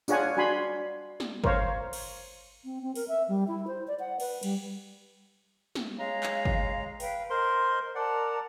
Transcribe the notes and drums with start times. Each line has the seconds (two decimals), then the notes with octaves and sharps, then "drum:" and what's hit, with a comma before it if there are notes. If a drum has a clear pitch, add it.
0.08 D4 F4 G#4 C#5 F#5 G#5, drum: tambourine
0.37 D4 F#4 G#5 B5 C6
1.20 drum: snare
1.44 A#4 C5 C#5 F5, drum: kick
1.93 drum: cymbal
2.65 C4
2.82 C4
2.95 A#4, drum: open hi-hat
3.08 E5
3.28 G3
3.48 E4
3.67 C5
3.88 D5
4.00 F#5
4.20 B4, drum: cymbal
4.43 G3, drum: cymbal
5.75 drum: snare
5.99 G#3 C#5 F5 A#5
6.23 drum: clap
6.45 drum: kick
7.00 B4 F5 G5, drum: open hi-hat
7.30 A#4 C5 D#5 C6
7.95 A#4 D5 F#5 A5